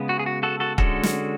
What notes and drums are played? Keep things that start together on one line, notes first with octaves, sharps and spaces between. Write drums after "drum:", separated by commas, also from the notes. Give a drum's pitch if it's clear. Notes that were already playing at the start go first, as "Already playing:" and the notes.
Already playing: C#3 G#3 B3
F#4
G#4
F#4
F#4 A4
F#4 A4
D3 G#3 C#4 F#4 A4, drum: kick
drum: snare